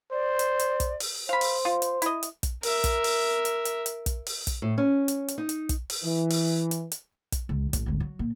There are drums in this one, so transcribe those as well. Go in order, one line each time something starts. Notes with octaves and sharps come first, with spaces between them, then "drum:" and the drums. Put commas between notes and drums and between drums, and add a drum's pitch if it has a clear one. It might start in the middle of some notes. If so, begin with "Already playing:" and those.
C5 D5
drum: hi-hat
drum: hi-hat
drum: kick, hi-hat
drum: open hi-hat
C5 F5 B5
drum: open hi-hat
F4
drum: hi-hat
E4 D#5, drum: hi-hat
drum: hi-hat
drum: kick, hi-hat
A#4 E5, drum: open hi-hat
drum: kick, hi-hat
drum: open hi-hat
drum: hi-hat
drum: hi-hat
drum: hi-hat
drum: kick, hi-hat
drum: open hi-hat
drum: kick, hi-hat
A2
C#4
drum: hi-hat
drum: hi-hat
D#4
drum: hi-hat
drum: kick, hi-hat
drum: open hi-hat
E3
drum: open hi-hat
drum: hi-hat
drum: hi-hat
drum: kick, hi-hat
C#2
A1, drum: kick, hi-hat
G#1 D2
F#3
A#2